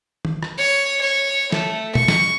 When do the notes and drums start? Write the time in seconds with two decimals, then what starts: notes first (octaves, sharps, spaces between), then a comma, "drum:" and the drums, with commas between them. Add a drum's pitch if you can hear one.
0.25 drum: tom D#3
0.43 drum: rim click
0.58 C#5
1.01 C#5
1.52 A3, drum: snare
1.95 C#6, drum: tom
2.08 drum: snare